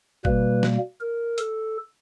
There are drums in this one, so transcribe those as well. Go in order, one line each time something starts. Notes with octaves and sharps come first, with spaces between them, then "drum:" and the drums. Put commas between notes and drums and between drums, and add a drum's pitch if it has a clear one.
B2 G3 A#3 B4, drum: kick
drum: snare
A#4
A4, drum: hi-hat